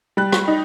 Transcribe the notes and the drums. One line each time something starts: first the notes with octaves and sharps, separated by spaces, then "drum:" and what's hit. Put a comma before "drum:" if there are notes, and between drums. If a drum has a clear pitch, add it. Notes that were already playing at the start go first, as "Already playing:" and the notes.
G3 F#6
drum: rim click
D#4